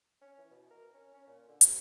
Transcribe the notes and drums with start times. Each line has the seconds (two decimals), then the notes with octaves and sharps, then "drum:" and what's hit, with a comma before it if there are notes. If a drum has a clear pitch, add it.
0.22 C#4
0.38 E3
0.50 B2
0.71 A#4
0.94 C#4
1.13 C#4
1.27 A#2
1.48 D3
1.61 C3, drum: hi-hat